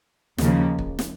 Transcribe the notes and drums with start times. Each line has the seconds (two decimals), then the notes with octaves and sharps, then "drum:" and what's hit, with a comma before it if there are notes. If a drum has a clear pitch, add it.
0.38 D#2 C#3 F3 A#3, drum: snare
0.79 drum: kick
0.99 drum: snare